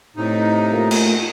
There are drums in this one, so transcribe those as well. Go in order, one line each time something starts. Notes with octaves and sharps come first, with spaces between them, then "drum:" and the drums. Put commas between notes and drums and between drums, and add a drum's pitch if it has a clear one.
A2 C3 D#4
A3 A#3 F4
drum: cymbal